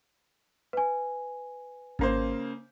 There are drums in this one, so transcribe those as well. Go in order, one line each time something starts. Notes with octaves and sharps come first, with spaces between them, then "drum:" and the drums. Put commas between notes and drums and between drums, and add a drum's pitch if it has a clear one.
B4 G#5
C#3 A#3 C5, drum: kick G#1